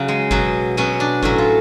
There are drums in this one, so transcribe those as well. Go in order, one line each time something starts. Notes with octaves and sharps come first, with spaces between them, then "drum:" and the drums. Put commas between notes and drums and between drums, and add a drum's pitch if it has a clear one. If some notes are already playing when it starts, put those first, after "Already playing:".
Already playing: C#3 F#3
G#3
B2 F#3, drum: kick G1
B2 F#3 C#4
D4
A2 F#3 C#4, drum: kick G1
F4